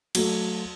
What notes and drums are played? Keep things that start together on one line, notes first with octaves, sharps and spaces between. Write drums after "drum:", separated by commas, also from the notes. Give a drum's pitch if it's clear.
F#3 A3, drum: cymbal